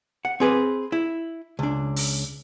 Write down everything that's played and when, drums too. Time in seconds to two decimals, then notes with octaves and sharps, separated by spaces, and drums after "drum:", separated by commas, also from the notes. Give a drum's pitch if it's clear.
0.25 F#5
0.40 C4 G#4 B4
0.92 E4
1.59 C#2 D4
1.96 drum: open hi-hat